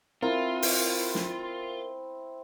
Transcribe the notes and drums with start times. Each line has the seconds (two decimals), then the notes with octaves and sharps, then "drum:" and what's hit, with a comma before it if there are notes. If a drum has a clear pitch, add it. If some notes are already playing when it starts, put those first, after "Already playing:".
0.22 C4 E4 F4 A#4
0.62 drum: open hi-hat
1.15 drum: snare